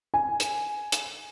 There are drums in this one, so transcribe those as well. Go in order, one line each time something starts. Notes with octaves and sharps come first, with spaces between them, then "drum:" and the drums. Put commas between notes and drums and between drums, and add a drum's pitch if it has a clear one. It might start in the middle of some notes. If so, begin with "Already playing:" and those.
G#5
drum: hi-hat
drum: hi-hat